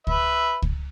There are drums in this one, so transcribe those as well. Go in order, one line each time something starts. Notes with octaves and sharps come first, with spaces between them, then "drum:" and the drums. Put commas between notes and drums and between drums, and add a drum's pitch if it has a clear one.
B4 E5, drum: kick C#2
drum: kick C#2